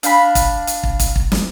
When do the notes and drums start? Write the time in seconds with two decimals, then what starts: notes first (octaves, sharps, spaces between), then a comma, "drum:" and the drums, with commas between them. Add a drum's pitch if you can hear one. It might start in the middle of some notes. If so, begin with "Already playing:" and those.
0.03 D4 F5 F#5 B5, drum: hi-hat
0.35 drum: kick, hi-hat
0.67 drum: hi-hat
0.83 drum: kick
0.99 drum: kick, hi-hat
1.16 drum: kick
1.32 drum: snare